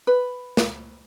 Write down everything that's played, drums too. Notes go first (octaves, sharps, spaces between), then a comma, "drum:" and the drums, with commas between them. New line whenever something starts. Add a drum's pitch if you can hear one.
B4
drum: snare